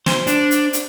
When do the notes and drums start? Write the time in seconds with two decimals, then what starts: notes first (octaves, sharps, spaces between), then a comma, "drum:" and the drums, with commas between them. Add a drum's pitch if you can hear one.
0.06 C5, drum: snare
0.27 D4, drum: hi-hat
0.51 drum: hi-hat
0.73 drum: hi-hat